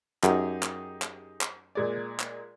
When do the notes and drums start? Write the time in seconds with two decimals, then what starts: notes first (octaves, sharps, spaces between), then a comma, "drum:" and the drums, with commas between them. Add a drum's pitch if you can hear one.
0.23 F#2 D#4 G4 G#4, drum: clap
0.63 drum: clap
1.02 drum: clap
1.41 drum: clap
1.75 A#2 G#3 D5
2.20 drum: clap